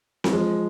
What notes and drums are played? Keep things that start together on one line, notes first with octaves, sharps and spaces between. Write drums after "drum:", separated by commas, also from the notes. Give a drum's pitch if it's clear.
F#3, drum: snare C4
F3 G#3